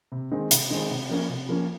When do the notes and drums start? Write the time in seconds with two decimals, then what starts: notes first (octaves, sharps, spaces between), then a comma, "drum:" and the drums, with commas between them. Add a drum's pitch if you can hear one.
0.12 C3
0.32 D#3 G#3 C4
0.51 C3, drum: hi-hat
0.70 D#3 G#3 C4
0.90 C3
1.09 F3 A#3 C#4
1.29 C3
1.49 F3 A#3 C#4